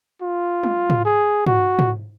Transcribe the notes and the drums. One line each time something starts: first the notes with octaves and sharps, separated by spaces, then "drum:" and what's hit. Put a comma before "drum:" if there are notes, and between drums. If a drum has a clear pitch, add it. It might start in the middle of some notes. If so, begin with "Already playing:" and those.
F4
drum: tom
drum: tom
G#4
F#4, drum: tom
drum: tom